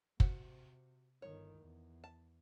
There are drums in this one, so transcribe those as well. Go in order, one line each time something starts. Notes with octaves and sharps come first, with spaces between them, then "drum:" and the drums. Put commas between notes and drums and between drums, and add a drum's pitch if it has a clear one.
C3 F#4 C5, drum: kick
G1 D#3 C#5
E2
A5